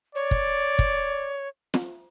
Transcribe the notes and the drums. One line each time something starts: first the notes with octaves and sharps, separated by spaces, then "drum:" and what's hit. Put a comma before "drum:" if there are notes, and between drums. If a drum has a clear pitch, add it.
C#5 D5
drum: kick
drum: kick
drum: snare